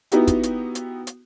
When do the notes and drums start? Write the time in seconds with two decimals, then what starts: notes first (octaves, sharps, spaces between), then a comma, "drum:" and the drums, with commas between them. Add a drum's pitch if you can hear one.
0.12 B3 D#4 E4 F#4 G4, drum: hi-hat
0.27 drum: kick, hi-hat
0.43 drum: hi-hat
0.75 drum: hi-hat
1.07 drum: hi-hat